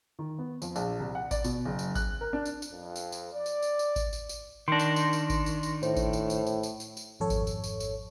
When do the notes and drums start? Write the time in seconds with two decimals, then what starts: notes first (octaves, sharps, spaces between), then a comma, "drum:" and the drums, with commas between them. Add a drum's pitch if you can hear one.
0.19 D#3
0.38 B3
0.62 F2, drum: tambourine
0.76 A#1, drum: tambourine
1.00 C2
1.15 F#5
1.31 D5, drum: kick G#1, tambourine
1.44 B2, drum: tambourine
1.65 F#1
1.79 drum: tambourine
1.95 F#6, drum: kick G#1, tambourine
2.21 A#4
2.33 D4
2.46 drum: tambourine
2.62 drum: tambourine
2.71 F2
2.96 drum: tambourine
3.12 drum: tambourine
3.33 D5
3.46 drum: tambourine
3.63 drum: tambourine
3.79 drum: tambourine
3.96 drum: kick G#1, tambourine
4.13 drum: tambourine
4.29 drum: tambourine
4.68 D#3 D4 C6 A#6
4.80 drum: tambourine
4.96 drum: tambourine
5.13 drum: tambourine
5.30 drum: kick G#1, tambourine
5.46 drum: tambourine
5.63 drum: tambourine
5.83 A2 C5, drum: tambourine
5.96 drum: kick G#1, tambourine
6.13 drum: tambourine
6.30 drum: tambourine
6.47 drum: tambourine
6.63 drum: tambourine
6.80 drum: tambourine
6.97 drum: tambourine
7.20 G#1 F2 A4 C#5
7.30 drum: kick G#1, tambourine
7.47 drum: tambourine
7.64 drum: tambourine
7.80 drum: tambourine